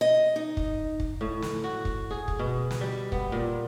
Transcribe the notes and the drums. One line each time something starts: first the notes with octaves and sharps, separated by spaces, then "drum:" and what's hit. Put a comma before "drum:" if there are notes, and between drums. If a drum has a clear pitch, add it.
D#5
D#4
drum: kick
drum: kick
A2
drum: snare
F#4
drum: kick
G#4
drum: kick
B2
drum: snare
G3
B3, drum: kick
A#2